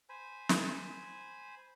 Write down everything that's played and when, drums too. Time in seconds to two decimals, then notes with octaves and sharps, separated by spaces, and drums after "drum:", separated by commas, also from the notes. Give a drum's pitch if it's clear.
0.09 C5 G#5 B5
0.49 drum: snare